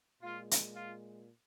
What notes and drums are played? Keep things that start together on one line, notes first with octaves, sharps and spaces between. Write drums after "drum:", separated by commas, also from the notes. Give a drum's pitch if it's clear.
A#2 G#3 F4
drum: hi-hat
F4